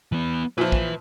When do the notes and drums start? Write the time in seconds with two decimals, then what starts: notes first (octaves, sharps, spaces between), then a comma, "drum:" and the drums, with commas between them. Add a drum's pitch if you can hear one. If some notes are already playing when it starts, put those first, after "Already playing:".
0.12 E3 B3
0.58 A#2 F3 B4 E5
0.72 drum: kick